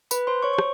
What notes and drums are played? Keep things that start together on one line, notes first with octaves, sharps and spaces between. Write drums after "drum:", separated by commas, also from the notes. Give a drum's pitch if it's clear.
B4 B5, drum: tambourine
C5 C6
C#5 C#6
C#6
C5, drum: rim click